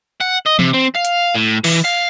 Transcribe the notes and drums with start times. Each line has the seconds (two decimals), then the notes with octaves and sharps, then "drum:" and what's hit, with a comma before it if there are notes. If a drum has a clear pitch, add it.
0.20 F#5
0.46 D#5
0.59 C3, drum: tom E3
0.73 C4
0.95 F5
1.05 drum: hi-hat
1.35 A2
1.64 E3, drum: cymbal
1.84 F5